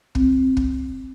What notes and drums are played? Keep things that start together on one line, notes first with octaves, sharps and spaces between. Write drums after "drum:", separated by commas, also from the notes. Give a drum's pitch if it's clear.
C4, drum: kick
drum: kick